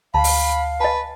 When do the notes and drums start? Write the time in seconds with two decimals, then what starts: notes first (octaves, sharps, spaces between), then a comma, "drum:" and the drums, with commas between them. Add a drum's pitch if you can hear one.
0.14 D2 F5 A5 B5
0.24 drum: open hi-hat
0.80 B4 D#5 G#5 A5